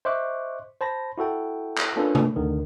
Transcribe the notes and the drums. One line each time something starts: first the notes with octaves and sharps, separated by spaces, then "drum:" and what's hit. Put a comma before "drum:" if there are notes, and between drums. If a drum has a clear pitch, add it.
C5 D#5 E5 C#6 D6 F#6
C5 A5 B5 A#6
E4 F#4 A4 G5
drum: clap
A#3 C#4 D4 F4 A4 B4
drum: tom C3
D2 D3 D#3